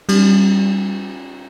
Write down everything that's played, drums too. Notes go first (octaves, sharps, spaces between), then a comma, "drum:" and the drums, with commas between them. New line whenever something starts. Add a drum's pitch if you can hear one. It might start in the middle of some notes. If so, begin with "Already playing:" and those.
G3, drum: cymbal